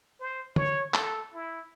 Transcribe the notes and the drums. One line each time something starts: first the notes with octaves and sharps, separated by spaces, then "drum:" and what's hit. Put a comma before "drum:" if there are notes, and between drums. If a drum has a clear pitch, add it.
C5
C#5, drum: tom D3
A4, drum: clap
E4